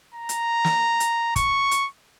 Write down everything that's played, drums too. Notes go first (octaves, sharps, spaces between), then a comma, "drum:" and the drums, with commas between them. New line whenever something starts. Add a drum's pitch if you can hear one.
A#5
drum: hi-hat
drum: snare
drum: hi-hat
C#6, drum: kick, hi-hat
drum: hi-hat